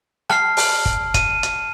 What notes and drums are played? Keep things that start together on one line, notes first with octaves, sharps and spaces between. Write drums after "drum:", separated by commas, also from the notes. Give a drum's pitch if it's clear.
A5 F6 C7, drum: rim click
drum: open hi-hat
drum: kick G1
D#7, drum: kick G1, hi-hat
drum: hi-hat